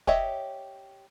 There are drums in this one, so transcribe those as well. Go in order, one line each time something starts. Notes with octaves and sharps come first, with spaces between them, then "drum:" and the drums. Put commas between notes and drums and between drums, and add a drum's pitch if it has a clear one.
G4 C#5 D#5 E5, drum: kick